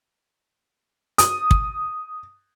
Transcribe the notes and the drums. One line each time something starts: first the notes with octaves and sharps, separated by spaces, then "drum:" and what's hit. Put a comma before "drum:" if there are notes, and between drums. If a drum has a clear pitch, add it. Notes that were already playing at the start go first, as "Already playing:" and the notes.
D#6, drum: hi-hat
drum: kick